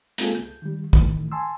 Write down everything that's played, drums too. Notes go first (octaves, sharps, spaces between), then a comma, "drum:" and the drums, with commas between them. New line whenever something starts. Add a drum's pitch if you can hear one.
G#3 A#3 C4 F4 G#4 A4, drum: hi-hat
C#2 G6
D#3 G3
A2 D#3 E3 A3, drum: kick
G#5 A5 C6 E6